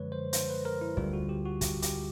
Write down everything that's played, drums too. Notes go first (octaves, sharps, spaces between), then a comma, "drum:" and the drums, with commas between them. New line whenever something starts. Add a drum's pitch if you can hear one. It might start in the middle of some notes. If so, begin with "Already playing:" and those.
Already playing: F#2 D3 F3 G#3 B4 C#5
C5
C5, drum: hi-hat
B4
A#4
E4
D2 D3 G3 F4, drum: kick
F#4
G4
F#4
G4, drum: kick, hi-hat
G4, drum: hi-hat